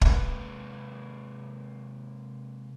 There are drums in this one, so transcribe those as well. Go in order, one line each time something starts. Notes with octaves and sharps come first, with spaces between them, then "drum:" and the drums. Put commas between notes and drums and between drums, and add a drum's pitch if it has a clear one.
C3 G#3 A#3 B4, drum: kick